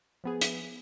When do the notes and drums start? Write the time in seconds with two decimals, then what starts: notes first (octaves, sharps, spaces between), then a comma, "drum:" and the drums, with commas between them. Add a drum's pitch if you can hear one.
0.24 F3 B3 G#4
0.41 drum: hi-hat